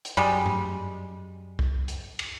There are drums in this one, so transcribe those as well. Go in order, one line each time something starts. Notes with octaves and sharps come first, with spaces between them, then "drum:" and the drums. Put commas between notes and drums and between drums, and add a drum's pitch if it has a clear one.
drum: hi-hat
F#2 G3 G#3
drum: tom G2
drum: kick C2
drum: hi-hat
drum: cymbal